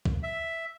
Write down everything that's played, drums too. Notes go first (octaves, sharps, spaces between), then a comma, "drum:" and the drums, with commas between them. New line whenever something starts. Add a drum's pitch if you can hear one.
drum: kick
E5